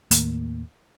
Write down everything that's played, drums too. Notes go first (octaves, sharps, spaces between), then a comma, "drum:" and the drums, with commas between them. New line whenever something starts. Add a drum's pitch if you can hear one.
D#2 A2 A#3, drum: hi-hat